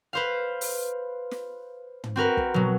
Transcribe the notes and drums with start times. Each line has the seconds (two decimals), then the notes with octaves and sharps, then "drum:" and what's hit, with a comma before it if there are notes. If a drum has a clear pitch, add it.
0.13 B4 C5 F5
0.61 drum: open hi-hat
1.31 drum: snare
2.04 drum: tom
2.16 C4 F#4 A#4 B4
2.37 drum: kick
2.54 B2 F#3